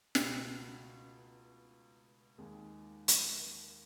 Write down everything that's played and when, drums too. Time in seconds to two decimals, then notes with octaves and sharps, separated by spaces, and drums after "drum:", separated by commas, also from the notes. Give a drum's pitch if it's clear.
0.15 C#2 B2 A3, drum: snare
2.38 D#2 D#3 G#3
3.08 drum: hi-hat